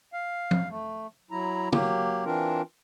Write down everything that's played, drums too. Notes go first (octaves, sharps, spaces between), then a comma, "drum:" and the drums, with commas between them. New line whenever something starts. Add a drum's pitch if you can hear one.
F5
drum: tom F3
A3
F#3 E4 A#5
F#3 A#3 G4, drum: tom
E3 C4 D4 F4 A#4